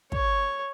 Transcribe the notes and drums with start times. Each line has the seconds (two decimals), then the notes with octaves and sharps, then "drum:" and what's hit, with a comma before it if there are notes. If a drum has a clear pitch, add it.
0.12 C#5, drum: kick